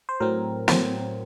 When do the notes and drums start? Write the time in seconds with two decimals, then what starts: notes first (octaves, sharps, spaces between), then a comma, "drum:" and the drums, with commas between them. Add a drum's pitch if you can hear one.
0.09 C5
0.20 A2 F#3 C4 A#4
0.68 A2 F#3 C4, drum: snare